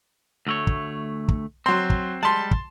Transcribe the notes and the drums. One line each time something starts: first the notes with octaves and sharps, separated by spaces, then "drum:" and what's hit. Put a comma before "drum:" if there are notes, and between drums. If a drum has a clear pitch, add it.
D2 A3 C#5
drum: kick
drum: kick
F#3 C4 C6
drum: kick
G3 G#3 A5 C6
drum: kick